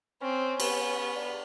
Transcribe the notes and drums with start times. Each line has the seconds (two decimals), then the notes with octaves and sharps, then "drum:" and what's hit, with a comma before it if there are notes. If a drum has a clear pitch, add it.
0.22 C4 C#4
0.60 B3, drum: cymbal
0.97 C#4
1.16 D4